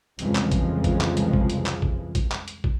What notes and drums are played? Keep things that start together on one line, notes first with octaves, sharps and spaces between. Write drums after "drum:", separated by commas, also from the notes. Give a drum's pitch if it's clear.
C2 F2 C#3 E3 F3 G#3, drum: hi-hat
drum: clap
drum: kick, hi-hat
drum: kick, hi-hat
drum: clap
drum: hi-hat
drum: kick
drum: hi-hat
drum: clap
drum: kick
drum: kick, hi-hat
drum: clap
drum: hi-hat
drum: kick